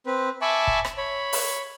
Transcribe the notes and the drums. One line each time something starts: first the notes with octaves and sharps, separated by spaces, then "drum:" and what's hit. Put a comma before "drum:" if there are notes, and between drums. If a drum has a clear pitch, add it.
C4 B4
E5 G#5 A5 B5 C#6 D6
drum: kick
drum: rim click
C#5 B5
drum: open hi-hat